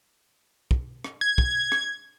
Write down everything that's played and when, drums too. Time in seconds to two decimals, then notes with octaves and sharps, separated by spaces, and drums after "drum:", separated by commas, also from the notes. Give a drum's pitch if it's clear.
0.71 drum: kick
1.04 drum: rim click
1.21 G#6
1.38 drum: kick
1.72 drum: rim click